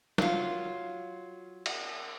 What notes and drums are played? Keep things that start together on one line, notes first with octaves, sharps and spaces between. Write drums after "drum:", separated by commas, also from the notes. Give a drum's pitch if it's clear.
F#3 F4, drum: snare
drum: cymbal